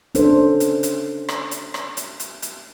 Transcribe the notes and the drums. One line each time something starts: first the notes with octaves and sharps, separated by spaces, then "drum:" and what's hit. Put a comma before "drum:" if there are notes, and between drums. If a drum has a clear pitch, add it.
C#4 D4 A4 C5, drum: hi-hat
drum: hi-hat
drum: hi-hat
drum: rim click
drum: hi-hat
drum: rim click
drum: hi-hat
drum: hi-hat
drum: hi-hat